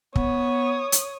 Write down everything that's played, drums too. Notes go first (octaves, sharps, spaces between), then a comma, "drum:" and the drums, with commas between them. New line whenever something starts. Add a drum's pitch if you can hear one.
B3 C#5 D#6, drum: kick
drum: hi-hat